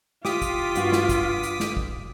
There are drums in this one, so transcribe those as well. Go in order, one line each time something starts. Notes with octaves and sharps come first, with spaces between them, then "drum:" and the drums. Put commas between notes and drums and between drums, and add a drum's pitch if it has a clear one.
F4 G4 D6 D#6 B6, drum: snare
drum: kick, hi-hat
G2 F#4, drum: hi-hat
drum: snare
drum: kick, hi-hat
drum: hi-hat
drum: snare
drum: kick